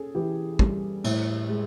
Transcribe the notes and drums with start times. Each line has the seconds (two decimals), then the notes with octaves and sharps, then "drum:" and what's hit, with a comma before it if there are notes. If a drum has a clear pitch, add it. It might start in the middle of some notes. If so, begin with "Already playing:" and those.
Already playing: C#4 G#4 A4
0.15 E3 G4
0.59 G3, drum: kick
1.04 A2, drum: cymbal
1.49 G#3